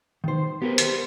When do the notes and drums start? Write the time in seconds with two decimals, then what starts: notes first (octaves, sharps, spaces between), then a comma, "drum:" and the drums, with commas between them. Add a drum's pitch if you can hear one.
0.24 D#3 C5
0.62 B3 G4 A#4 C5
0.78 drum: hi-hat